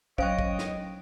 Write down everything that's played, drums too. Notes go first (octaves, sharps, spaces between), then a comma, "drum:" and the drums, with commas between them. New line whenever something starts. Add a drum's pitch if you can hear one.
F#3 C#4 C5 C#5 D#5 F5 G5 D7, drum: kick
drum: kick
drum: snare